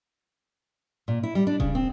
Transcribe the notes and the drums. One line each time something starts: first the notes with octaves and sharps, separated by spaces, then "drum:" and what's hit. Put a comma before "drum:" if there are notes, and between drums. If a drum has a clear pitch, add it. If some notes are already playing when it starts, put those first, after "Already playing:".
A#2
E4
G3
D4
C#3, drum: kick D#1
C4